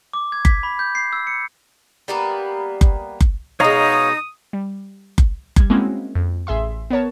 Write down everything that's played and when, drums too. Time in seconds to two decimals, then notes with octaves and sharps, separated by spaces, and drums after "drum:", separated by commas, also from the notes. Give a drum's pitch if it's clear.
0.13 D6
0.32 G#6
0.45 B6, drum: kick F#1
0.63 B5
0.79 G6
0.95 C7
1.13 E6
1.27 C#7
2.08 G3 A#3 B3
2.81 drum: kick F#1
3.21 drum: kick F#1
3.60 B2 G#3 D#4 C#5 F5 A#5 D#6
4.53 G3
5.18 drum: kick F#1
5.56 G3 G#6, drum: kick F#1
5.70 G#3 A#3 C4 C#4 E4 F#4
6.15 F2
6.47 A1 G#4 E5 C6
6.91 B3 A#4 C#5 A5